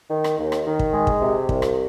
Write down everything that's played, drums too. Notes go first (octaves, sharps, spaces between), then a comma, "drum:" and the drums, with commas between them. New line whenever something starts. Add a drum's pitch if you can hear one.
D#3
drum: rim click
D#2
drum: rim click
D#3
drum: kick
G#3
drum: kick
C3
C2, drum: kick
drum: rim click